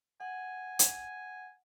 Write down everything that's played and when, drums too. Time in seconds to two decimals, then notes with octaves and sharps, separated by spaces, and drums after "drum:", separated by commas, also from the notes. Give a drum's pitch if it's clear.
0.20 F#5 G#5
0.79 drum: hi-hat